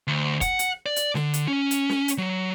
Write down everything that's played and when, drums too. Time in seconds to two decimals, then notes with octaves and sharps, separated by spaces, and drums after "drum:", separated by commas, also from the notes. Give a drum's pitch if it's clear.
0.07 D2
0.41 F#5, drum: kick, hi-hat
0.59 drum: hi-hat
0.86 D5
0.96 drum: hi-hat
1.15 D3, drum: snare
1.34 drum: hi-hat
1.48 C#4
1.71 drum: hi-hat
1.89 drum: snare
2.08 drum: hi-hat
2.18 F#3